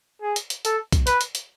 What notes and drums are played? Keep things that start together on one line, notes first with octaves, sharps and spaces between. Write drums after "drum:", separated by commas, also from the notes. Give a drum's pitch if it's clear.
G#4
drum: hi-hat
drum: hi-hat
A4, drum: hi-hat
drum: kick B1, hi-hat
B4, drum: hi-hat
drum: hi-hat
drum: hi-hat